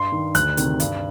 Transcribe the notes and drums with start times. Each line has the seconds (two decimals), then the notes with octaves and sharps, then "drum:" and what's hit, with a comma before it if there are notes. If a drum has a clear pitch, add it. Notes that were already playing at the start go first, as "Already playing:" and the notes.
Already playing: G2 C6
0.12 D#3
0.35 D2 F#6, drum: hi-hat
0.57 C3 D#3, drum: hi-hat
0.80 G2, drum: hi-hat